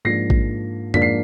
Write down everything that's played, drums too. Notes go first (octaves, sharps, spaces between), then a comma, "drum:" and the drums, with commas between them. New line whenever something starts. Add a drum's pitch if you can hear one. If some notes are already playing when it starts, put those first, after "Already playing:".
G#2 F3 A#3 D4 A#6 C7
drum: kick A1
G#2 F3 A#3 D4 B6, drum: tom F2
C7